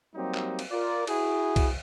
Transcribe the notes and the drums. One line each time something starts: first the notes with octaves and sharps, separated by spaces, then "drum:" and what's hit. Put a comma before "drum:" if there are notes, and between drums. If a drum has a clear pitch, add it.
F#3 G3 A#3 C4 D#4 G4
drum: clap
drum: cymbal
F4 A#4 D5
E4 F#4 G#4, drum: cymbal
drum: kick C2, cymbal